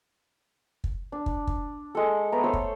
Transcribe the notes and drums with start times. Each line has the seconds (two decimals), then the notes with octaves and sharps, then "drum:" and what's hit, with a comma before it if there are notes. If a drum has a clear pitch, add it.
0.84 drum: kick
1.12 D4
1.26 drum: kick
1.47 drum: kick
1.95 G#3 A4
2.32 A3 B3 A#5
2.44 A4 C5 C#5
2.53 drum: kick